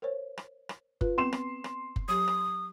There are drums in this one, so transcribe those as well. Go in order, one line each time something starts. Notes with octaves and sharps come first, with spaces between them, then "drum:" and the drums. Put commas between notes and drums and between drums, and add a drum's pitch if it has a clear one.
A#4 C5 C#5
drum: rim click
drum: rim click
F4 B4, drum: kick F#1
B3 C4 C6 E7
drum: rim click
drum: rim click
drum: kick F#1
F#3 G4 D#6
drum: rim click